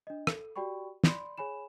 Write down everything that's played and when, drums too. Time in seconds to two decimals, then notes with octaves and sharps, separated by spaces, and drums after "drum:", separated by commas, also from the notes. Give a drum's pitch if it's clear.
0.07 D4 D#5
0.27 A4, drum: rim click
0.56 F#4 G4 D5 G5 B5 C#6
1.04 D5 B5 C6, drum: snare
1.38 G#4 C#5 G#5 B5 E7